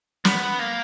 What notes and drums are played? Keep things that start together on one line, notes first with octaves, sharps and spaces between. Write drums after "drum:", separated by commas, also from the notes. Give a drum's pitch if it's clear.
B3, drum: snare
A#3